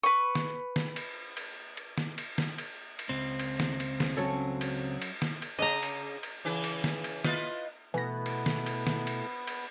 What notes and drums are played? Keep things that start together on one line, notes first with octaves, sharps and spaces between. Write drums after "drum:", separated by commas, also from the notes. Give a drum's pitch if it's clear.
B4 C#6
drum: snare
drum: snare
drum: cymbal
drum: cymbal
drum: cymbal
drum: snare
drum: cymbal
drum: snare
drum: cymbal
drum: cymbal
C#2 C4
drum: cymbal
drum: snare
drum: cymbal
drum: snare
F#3 C#4 A4
drum: cymbal
drum: cymbal
drum: snare
drum: cymbal
C#3 D#5 A#5
drum: cymbal
drum: cymbal
C#3 E3 B4
drum: cymbal
drum: snare
drum: cymbal
F4 B4 D#5, drum: snare
B2 E3 A3 B3 E4 A4 A#6
drum: cymbal
drum: snare
drum: cymbal
drum: snare
drum: cymbal
drum: cymbal